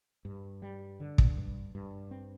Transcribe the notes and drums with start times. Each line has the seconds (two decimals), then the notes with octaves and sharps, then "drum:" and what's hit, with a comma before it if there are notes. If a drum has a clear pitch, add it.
0.25 G2
0.62 G3
1.00 D3
1.18 drum: kick
1.37 G2
1.75 G2
2.11 C4